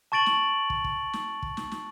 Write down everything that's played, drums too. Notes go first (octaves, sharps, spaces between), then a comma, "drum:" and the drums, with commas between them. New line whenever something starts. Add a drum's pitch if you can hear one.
A5 C#6 A6 D7 F#7
drum: snare
drum: kick
drum: kick
drum: snare
drum: kick
drum: snare
drum: snare